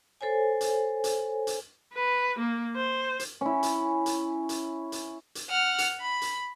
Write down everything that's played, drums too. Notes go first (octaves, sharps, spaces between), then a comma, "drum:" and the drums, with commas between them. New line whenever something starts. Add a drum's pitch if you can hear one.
A4 C5 C#5 G#5
drum: hi-hat
drum: hi-hat
drum: hi-hat
B4
A#3
C5
drum: hi-hat
C#4 E4
drum: hi-hat
drum: hi-hat
drum: hi-hat
drum: hi-hat
drum: hi-hat
F#5 F6
drum: hi-hat
B5
drum: hi-hat